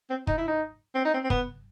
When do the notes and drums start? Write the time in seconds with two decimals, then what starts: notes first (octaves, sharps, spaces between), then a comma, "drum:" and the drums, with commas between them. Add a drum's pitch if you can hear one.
0.10 C4
0.27 D#4, drum: kick
0.38 E4
0.48 D#4
0.95 C4
1.05 D#4
1.14 C4
1.24 C4
1.30 B3, drum: kick